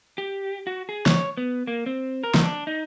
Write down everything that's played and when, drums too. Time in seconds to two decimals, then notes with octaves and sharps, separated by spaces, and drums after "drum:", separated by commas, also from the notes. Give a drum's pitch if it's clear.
0.18 G4
0.67 F#4
0.89 G#4
1.06 C#5, drum: snare
1.37 B3
1.67 A#3
1.86 C4
2.24 A#4
2.34 drum: snare
2.44 D4
2.67 D#4